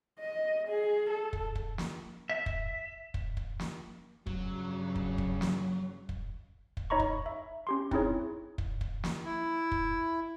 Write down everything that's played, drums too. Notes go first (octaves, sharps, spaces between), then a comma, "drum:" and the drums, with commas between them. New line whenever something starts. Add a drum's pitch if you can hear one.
D#5
G#4
A4
drum: kick
drum: kick
drum: snare
E5
drum: kick
drum: kick
drum: kick
drum: snare
G2 C#3 F#3, drum: kick
drum: kick
drum: kick
drum: snare
drum: kick
drum: kick
D#4 C#5 D#5 A#5 B5 C#6
drum: kick
E5
C#4 G4 C6
C4 D#4 E4 G#4 C#5, drum: kick
drum: kick
drum: kick
drum: snare
E4
drum: kick